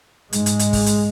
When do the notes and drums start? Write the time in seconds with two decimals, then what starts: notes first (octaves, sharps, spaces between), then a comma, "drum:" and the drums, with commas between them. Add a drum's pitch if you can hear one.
0.33 G#2 G#3, drum: hi-hat
0.46 drum: hi-hat
0.59 drum: hi-hat
0.73 drum: kick, open hi-hat
0.86 drum: hi-hat